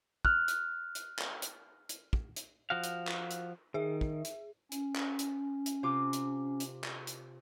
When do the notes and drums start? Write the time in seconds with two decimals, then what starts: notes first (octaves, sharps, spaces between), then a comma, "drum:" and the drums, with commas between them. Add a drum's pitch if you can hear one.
0.25 F6 F#6, drum: kick
0.48 drum: hi-hat
0.95 drum: hi-hat
1.19 drum: clap
1.42 drum: hi-hat
1.89 drum: hi-hat
2.13 drum: kick
2.36 drum: hi-hat
2.70 F3 F#4 F5
2.84 drum: hi-hat
3.07 drum: clap
3.31 drum: hi-hat
3.74 D#3 G#4 E5
4.01 drum: kick
4.25 drum: hi-hat
4.72 C#4, drum: hi-hat
4.95 drum: clap
5.19 drum: hi-hat
5.66 drum: hi-hat
5.83 C3 F4 D6
6.13 drum: hi-hat
6.60 drum: hi-hat
6.84 drum: clap
7.07 drum: hi-hat